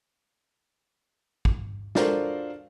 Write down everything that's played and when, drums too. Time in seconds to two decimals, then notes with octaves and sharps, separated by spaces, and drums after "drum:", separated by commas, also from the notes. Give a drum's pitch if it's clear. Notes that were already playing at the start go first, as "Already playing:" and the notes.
1.45 drum: kick G1
1.95 D4 F4 F#4 A4 A#4 C5, drum: snare